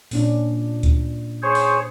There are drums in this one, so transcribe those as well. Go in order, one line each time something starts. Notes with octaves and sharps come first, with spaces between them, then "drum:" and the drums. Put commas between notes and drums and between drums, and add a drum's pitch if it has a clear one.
A#2 C#4 D4, drum: open hi-hat
drum: kick D2, hi-hat
G#4 C5 C#5
drum: open hi-hat